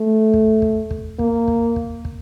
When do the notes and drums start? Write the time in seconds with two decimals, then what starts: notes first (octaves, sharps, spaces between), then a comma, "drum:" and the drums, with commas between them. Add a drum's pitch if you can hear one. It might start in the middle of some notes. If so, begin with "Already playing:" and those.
Already playing: A3
0.34 drum: kick
0.62 drum: kick
0.91 drum: kick
1.19 A#3, drum: kick
1.48 drum: kick
1.76 drum: kick
2.05 drum: kick